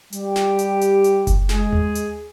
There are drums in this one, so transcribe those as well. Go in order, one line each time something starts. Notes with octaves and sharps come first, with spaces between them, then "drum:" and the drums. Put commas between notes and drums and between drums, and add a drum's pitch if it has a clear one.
G3 G4, drum: hi-hat
drum: snare
drum: hi-hat
drum: hi-hat
drum: hi-hat
drum: kick F#1, hi-hat
G#3 G#4, drum: snare
drum: tom D#2
drum: hi-hat